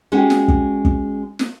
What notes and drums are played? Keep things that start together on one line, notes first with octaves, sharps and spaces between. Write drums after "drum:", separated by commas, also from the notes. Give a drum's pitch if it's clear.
G#3 C#4 F#4 G4
drum: snare
drum: kick
drum: kick
drum: snare